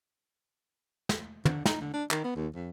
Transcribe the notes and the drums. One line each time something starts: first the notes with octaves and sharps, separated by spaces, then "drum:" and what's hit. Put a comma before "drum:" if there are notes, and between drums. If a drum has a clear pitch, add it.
drum: snare
D3, drum: tom
D#4, drum: snare
D3
D4
D#3, drum: clap
B3
D#2
F2